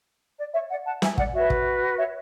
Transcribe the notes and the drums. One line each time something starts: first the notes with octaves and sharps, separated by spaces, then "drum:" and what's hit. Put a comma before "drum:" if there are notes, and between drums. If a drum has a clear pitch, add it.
D5
C#5 E5
D5 F#5
F#5 A5
E5 G#5, drum: snare
D5 F#5, drum: kick
F#4 B4 C#5 E5
drum: kick
C#5 E5